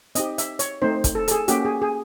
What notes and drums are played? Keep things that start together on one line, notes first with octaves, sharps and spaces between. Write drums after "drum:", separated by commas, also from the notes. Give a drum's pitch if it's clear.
C4 D#4 G4 D#5, drum: hi-hat
E5, drum: hi-hat
C#5, drum: hi-hat
A3 C4 D#4 C5
drum: kick, hi-hat
A4
A4, drum: hi-hat
G#4
A#3 C#4 F#4 G4, drum: hi-hat
G#4
G#4